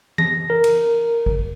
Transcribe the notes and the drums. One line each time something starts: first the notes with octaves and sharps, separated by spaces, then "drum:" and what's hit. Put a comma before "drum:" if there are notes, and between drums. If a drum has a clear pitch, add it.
A#6, drum: tom E3
A#4
drum: cymbal
drum: kick G#1